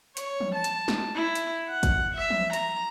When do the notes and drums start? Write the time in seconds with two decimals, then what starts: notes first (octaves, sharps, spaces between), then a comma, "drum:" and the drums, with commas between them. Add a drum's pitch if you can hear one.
0.17 C#5, drum: hi-hat
0.41 drum: tom
0.55 A5
0.64 drum: hi-hat
0.88 drum: snare
1.15 E4
1.35 drum: hi-hat
1.68 F#5
1.83 drum: kick, hi-hat
2.15 E5
2.30 drum: tom
2.53 A#5, drum: hi-hat